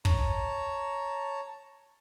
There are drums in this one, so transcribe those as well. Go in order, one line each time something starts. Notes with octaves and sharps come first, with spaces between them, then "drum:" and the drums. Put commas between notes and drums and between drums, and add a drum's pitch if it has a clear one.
C#5 A5 A#5, drum: kick